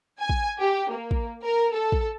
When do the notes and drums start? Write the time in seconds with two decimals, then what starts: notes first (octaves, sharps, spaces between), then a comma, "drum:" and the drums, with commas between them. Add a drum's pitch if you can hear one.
0.20 G#5
0.29 drum: kick
0.59 G4
0.91 A#3
1.11 drum: kick
1.44 A#4
1.74 A4
1.92 drum: kick